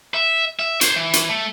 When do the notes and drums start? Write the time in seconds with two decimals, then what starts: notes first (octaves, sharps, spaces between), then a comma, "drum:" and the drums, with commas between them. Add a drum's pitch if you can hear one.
0.14 E5
0.59 E5
0.81 C5 C#5, drum: hi-hat
0.96 E3
1.13 drum: hi-hat
1.29 A3